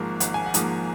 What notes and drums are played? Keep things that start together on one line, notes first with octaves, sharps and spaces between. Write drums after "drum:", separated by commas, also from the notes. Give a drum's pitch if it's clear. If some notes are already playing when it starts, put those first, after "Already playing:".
Already playing: G#1 G#2 F3 A#3 A#5
G#1 F#5, drum: hi-hat
G#5
F#5
G#2 F3 A#3, drum: hi-hat